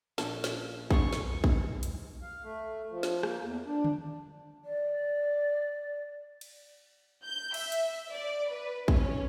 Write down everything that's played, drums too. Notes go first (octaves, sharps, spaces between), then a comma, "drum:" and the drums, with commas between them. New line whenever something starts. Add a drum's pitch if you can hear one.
A#1 C#4 A4, drum: snare
drum: snare
D3 G3 G#4 C#6, drum: kick
drum: snare
drum: kick
drum: hi-hat
F5
A3
F3
drum: snare
A#3, drum: rim click
E2
D4
drum: tom D3
D5
drum: cymbal
G6
E5, drum: cymbal
drum: hi-hat
D5
B4
C#4, drum: kick